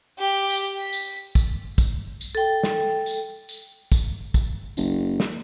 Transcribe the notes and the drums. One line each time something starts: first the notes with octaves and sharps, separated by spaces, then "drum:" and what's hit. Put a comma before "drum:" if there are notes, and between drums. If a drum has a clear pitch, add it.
G4
drum: tambourine
B6
drum: tambourine
drum: kick, tambourine
drum: kick, tambourine
drum: tambourine
A4 G5
drum: snare
drum: tambourine
drum: tambourine
drum: kick, tambourine
drum: kick, tambourine
F#1, drum: tambourine
drum: snare